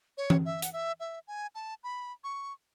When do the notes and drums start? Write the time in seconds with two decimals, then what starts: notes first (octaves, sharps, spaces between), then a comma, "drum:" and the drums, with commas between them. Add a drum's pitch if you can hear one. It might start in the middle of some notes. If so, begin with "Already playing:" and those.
0.18 C#5
0.30 drum: tom E3
0.45 E5
0.62 F#5, drum: hi-hat
0.73 E5
1.00 E5
1.28 G#5
1.55 A5
1.83 B5
2.24 C#6